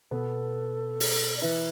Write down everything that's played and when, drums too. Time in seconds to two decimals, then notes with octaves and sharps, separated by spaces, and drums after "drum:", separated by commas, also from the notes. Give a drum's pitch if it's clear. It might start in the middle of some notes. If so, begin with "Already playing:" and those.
0.11 B2 B3 A4
1.00 drum: open hi-hat
1.37 D5
1.42 E3 E4 B4